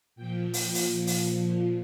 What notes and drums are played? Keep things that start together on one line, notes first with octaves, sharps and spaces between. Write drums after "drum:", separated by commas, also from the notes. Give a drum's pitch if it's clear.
A#2 F3 G5
G5, drum: open hi-hat
drum: open hi-hat
drum: open hi-hat